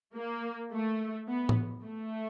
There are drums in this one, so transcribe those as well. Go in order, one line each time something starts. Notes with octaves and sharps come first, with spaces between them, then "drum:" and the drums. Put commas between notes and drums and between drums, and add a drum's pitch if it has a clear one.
A#3
A3
B3
drum: tom A2
A3